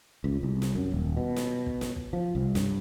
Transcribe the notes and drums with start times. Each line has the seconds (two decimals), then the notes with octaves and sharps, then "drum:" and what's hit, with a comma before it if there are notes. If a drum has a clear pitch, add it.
0.24 C#2
0.43 C2
0.62 drum: snare
0.75 F#2, drum: kick
0.92 D#1
1.17 B2
1.36 drum: snare
1.66 drum: kick
1.81 drum: snare
1.96 drum: kick
2.13 F3
2.35 C2
2.55 G2, drum: snare